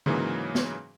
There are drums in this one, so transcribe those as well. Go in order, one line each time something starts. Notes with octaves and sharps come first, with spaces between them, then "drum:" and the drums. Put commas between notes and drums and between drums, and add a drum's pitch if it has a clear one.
G#2 C#3 E3 F#3 A#3 G#4, drum: tom D3
drum: snare